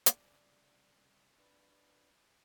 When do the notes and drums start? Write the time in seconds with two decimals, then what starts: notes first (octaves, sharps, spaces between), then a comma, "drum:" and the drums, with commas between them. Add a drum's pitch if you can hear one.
0.06 C2 C#3 D5, drum: hi-hat
1.38 D4 B4